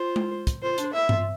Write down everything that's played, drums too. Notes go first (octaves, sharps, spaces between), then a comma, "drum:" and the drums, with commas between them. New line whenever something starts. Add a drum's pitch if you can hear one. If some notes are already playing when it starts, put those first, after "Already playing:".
Already playing: F4 C5
drum: tom G#3
drum: kick, hi-hat
F4 C5
D4, drum: hi-hat
E4 E5
F4, drum: tom G2